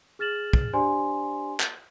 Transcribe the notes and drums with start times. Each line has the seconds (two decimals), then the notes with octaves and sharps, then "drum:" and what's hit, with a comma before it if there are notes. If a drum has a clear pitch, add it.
0.19 G#4 F6 A6 E7 F#7
0.53 drum: kick
0.73 D4 G4 C5 D5 G#5 C6
1.60 drum: clap